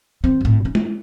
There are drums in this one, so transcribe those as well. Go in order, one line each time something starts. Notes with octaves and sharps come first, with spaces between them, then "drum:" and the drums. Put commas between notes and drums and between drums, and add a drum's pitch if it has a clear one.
D#3 C4
G#1 A2
C#4 D#4
drum: tom G#3